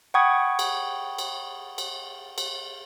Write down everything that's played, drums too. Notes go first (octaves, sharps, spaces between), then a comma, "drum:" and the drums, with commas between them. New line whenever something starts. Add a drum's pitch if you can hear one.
F#5 G5 B5 C#6 D#6 G#6
drum: cymbal
drum: cymbal
drum: cymbal
drum: cymbal